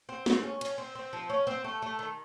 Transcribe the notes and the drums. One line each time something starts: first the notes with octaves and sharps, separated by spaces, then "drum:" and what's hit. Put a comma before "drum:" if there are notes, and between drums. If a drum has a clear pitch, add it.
C4
C4, drum: snare
C#4
C#4, drum: cymbal
C4
C4
F3
C#4
C4
A3
A3
D#3